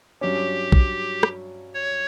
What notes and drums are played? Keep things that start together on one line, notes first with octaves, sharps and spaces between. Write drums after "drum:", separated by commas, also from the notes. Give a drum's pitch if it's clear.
G2 F#3 C#4 G4
drum: kick B1
drum: rim click
C#5